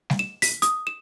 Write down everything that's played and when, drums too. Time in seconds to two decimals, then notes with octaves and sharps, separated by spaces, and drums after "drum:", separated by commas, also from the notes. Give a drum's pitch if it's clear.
0.10 drum: snare G3
0.19 E7
0.42 B6, drum: open hi-hat
0.62 D#6, drum: hi-hat
0.87 E7